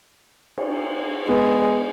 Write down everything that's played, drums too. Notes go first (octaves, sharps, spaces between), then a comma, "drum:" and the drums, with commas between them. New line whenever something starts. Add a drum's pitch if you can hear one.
drum: cymbal
G#3 B3